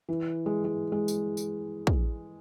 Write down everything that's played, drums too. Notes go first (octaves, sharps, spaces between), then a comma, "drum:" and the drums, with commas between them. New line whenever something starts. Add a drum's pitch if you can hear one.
E3
G#3
G#3
G#3
drum: tambourine
drum: tambourine
drum: kick